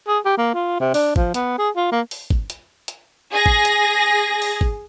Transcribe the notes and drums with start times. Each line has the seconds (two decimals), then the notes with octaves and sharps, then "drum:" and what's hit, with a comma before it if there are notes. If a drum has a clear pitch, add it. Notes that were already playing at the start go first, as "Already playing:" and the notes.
0.08 G#4
0.25 G4
0.38 A#3
0.54 F4
0.80 C3
0.94 D4, drum: open hi-hat
1.16 F3, drum: kick G#1
1.34 B3, drum: hi-hat
1.58 G#4
1.76 F4
1.92 A#3
2.11 drum: open hi-hat
2.30 drum: kick G#1
2.50 drum: hi-hat
2.88 drum: hi-hat
3.33 G#4 A#6
3.46 drum: kick G#1
3.65 drum: hi-hat
4.42 drum: open hi-hat
4.61 drum: kick G#1